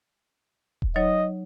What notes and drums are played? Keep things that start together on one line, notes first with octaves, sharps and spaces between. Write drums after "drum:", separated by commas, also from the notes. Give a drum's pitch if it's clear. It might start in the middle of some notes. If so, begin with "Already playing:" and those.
drum: kick D#1
F#3 D#4 C#5 D#5